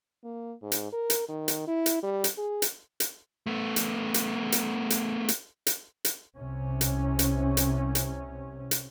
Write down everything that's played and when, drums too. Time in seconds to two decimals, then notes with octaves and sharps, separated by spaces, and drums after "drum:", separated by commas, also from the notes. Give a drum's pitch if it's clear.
0.24 A#3
0.63 G#2
0.72 drum: hi-hat
0.93 A#4
1.10 drum: hi-hat
1.29 D#3
1.48 drum: hi-hat
1.67 E4
1.86 drum: hi-hat
2.03 G3
2.24 drum: hi-hat
2.37 G#4
2.62 drum: hi-hat
3.00 drum: hi-hat
3.47 A3 B3
3.76 drum: hi-hat
4.14 drum: hi-hat
4.52 drum: hi-hat
4.90 drum: hi-hat
5.28 drum: hi-hat
5.67 drum: hi-hat
6.05 drum: hi-hat
6.37 C2 C3 C#4
6.81 drum: hi-hat
7.19 drum: hi-hat
7.57 drum: hi-hat
7.95 drum: hi-hat
8.71 drum: hi-hat